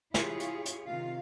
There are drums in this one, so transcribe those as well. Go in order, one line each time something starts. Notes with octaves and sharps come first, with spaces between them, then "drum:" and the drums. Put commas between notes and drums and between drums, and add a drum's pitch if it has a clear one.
E4 F4 G4 G#4 C#5, drum: snare
drum: hi-hat
drum: hi-hat
C3 D#3 F4 F5